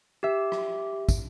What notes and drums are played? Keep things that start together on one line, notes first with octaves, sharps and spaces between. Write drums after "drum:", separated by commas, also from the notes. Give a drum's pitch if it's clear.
G4 E5
drum: rim click
drum: kick, tambourine